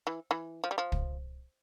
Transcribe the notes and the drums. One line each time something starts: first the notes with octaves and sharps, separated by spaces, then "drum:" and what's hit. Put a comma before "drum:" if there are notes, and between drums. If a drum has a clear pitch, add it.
E3
E3
F3
G3
F3
drum: kick